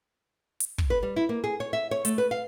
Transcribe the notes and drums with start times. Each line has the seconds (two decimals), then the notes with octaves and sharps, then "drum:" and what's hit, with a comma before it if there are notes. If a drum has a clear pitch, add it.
0.60 drum: hi-hat
0.78 drum: kick
0.90 B4
1.03 G3
1.16 E4
1.29 A#3
1.44 G#4
1.60 C#5
1.73 E5
1.91 C#5
2.05 A3, drum: hi-hat
2.18 B4
2.31 F5